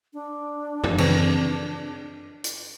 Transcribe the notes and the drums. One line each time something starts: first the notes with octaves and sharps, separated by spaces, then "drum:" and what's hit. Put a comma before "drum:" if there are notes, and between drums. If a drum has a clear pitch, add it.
D4
drum: tom
C#3 E3 C4, drum: cymbal
drum: hi-hat